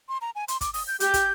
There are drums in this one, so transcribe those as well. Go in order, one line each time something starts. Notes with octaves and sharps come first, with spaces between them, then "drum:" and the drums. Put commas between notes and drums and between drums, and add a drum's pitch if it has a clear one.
C6
A#5
G#5
C6, drum: hi-hat
D6, drum: kick, hi-hat
D#6, drum: open hi-hat
G6
G4 G6, drum: hi-hat
drum: kick, hi-hat